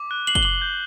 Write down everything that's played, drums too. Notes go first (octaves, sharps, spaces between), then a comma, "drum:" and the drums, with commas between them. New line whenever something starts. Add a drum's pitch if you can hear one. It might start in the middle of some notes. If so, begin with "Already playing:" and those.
Already playing: D6
F#6
C7 F#7
G7, drum: kick F#1
D6 F#7
G6